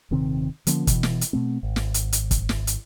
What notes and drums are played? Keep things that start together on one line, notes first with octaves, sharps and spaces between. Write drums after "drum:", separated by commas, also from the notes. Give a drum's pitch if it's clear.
D#1 C3 D#3 C4
D3 F3 A#3 C#4, drum: hi-hat
B2 E3, drum: kick, hi-hat
drum: snare
drum: hi-hat
B2 A3 C4
G#1
drum: snare
drum: hi-hat
drum: hi-hat
drum: kick, hi-hat
drum: snare
drum: hi-hat